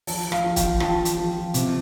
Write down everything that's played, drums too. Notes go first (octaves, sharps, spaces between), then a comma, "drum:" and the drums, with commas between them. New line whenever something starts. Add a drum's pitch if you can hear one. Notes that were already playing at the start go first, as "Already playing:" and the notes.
F3 A5, drum: open hi-hat
F5, drum: rim click
F3
G5, drum: kick, hi-hat
F3 A5, drum: rim click
drum: hi-hat
F3
C3, drum: hi-hat